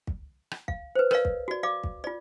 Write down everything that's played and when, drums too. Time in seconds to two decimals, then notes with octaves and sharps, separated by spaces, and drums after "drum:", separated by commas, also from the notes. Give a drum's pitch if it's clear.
0.07 drum: kick
0.51 drum: rim click
0.68 F5, drum: kick
0.95 B4 C5
1.11 A#4 B4 C#5 D5 F5, drum: rim click
1.25 drum: kick
1.48 F#4 D5
1.63 D5 F5 D6
1.84 drum: kick
2.04 F4 D5